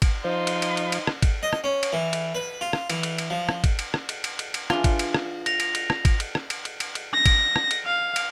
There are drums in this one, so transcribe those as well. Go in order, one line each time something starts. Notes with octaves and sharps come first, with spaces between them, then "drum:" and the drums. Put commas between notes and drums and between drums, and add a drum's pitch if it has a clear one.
drum: kick, cymbal
F3 D#4 C5 C6
drum: cymbal
drum: cymbal
drum: cymbal
drum: cymbal
drum: rim click
drum: kick, cymbal
D#5
drum: rim click
C#4
drum: cymbal
E3
drum: cymbal
B4
F4
drum: rim click
E3, drum: cymbal
drum: cymbal
drum: cymbal
F3
drum: rim click
drum: kick, cymbal
drum: cymbal
drum: rim click
drum: cymbal
drum: cymbal
drum: cymbal
drum: cymbal
E3 D4 F4 G#4, drum: rim click
drum: kick, cymbal
drum: cymbal
drum: rim click
A#6 F7, drum: cymbal
drum: cymbal
drum: cymbal
drum: rim click
drum: kick, cymbal
drum: cymbal
drum: rim click
drum: cymbal
drum: cymbal
drum: cymbal
drum: cymbal
A#6
drum: kick, cymbal
drum: rim click
drum: cymbal
F5
drum: cymbal